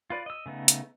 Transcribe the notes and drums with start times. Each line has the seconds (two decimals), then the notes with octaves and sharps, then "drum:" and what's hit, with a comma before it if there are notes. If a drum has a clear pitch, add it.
0.10 F4 B4 D5
0.26 D#5 E6
0.46 C#3 A3 B3 D#4
0.68 drum: hi-hat